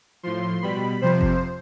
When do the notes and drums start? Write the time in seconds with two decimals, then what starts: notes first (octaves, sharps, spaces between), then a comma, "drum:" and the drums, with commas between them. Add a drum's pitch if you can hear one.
0.23 A2 F3 C6
0.62 B2 G3 B5
1.02 F2 C3 F3 C5
1.21 drum: kick G1